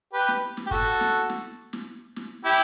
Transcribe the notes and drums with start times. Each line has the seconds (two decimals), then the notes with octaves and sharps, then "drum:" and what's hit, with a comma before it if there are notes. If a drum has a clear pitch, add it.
0.13 G4 B4
0.28 drum: snare
0.57 drum: snare
0.66 G4
0.71 F#4 A4, drum: kick
1.00 drum: snare
1.29 drum: snare
1.73 drum: snare
2.16 drum: snare
2.45 E4 G4